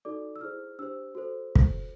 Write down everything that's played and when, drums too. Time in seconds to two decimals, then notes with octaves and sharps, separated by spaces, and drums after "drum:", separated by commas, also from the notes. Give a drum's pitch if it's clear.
0.05 D#4 F#4 A4 D5 D6
0.36 E6
0.41 E4 G#4 C5 F6
0.79 D4 G4 C5 E6
1.15 F#4 A4 C5
1.55 drum: kick